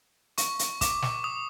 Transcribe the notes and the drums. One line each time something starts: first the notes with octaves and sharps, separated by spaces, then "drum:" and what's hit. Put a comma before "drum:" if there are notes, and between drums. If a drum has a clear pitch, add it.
C#6, drum: hi-hat
drum: hi-hat
D6, drum: kick, hi-hat
drum: snare
D#6